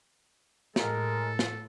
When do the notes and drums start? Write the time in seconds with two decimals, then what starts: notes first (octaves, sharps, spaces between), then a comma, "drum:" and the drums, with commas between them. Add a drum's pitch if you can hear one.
0.76 A2 G#3 A4 A#4, drum: snare
1.39 drum: snare